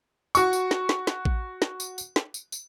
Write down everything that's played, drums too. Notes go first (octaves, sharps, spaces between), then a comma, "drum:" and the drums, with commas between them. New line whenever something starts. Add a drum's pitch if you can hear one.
F#4 C#6, drum: tambourine
drum: tambourine
drum: snare
drum: snare
drum: snare
drum: kick A1
drum: snare
drum: tambourine
drum: tambourine
drum: snare
drum: tambourine
drum: tambourine